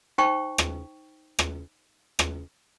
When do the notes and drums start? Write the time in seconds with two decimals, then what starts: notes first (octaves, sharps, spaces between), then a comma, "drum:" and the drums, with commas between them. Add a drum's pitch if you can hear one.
0.18 D#4 C5 G5 C#6
0.58 drum: rim click
1.39 drum: rim click
2.19 drum: rim click